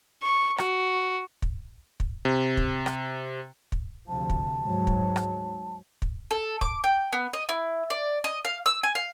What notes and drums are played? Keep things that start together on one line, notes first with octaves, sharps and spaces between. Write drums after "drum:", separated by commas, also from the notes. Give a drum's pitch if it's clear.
C#6
F#4, drum: rim click
drum: kick
drum: kick
C3
drum: kick
drum: rim click
drum: kick
D2 C3 F3 A5
drum: kick
G#2 F#3
drum: kick
drum: rim click
drum: kick
A4
D6, drum: kick
G5
B3
D#5
E4
D5
D#5
F5
E6
G#5
F5